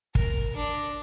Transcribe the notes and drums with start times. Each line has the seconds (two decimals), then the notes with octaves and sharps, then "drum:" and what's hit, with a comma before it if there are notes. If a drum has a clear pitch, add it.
0.15 A#4, drum: kick
0.56 D4